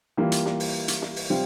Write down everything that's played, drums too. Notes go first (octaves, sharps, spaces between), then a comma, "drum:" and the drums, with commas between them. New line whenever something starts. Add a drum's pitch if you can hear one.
E3 G3 A#3 F4
drum: hi-hat
drum: snare
drum: open hi-hat
drum: hi-hat
drum: snare
drum: open hi-hat
C3 G3 C4 F4